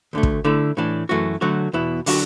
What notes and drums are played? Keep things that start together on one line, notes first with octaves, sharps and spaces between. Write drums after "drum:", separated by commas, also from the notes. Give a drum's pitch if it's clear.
D2 D3 A3
drum: kick
D3 A3 E4
A2 E3 D4
F#2 E3 A3 F#4
D3 F#3 A3 F#4
E2 B2 B3 E4
D3 F#3 D4 F#4, drum: open hi-hat